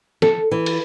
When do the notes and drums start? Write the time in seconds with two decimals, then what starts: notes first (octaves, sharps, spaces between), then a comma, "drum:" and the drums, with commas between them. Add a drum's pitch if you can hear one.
0.22 A4, drum: snare
0.51 E3
0.66 drum: cymbal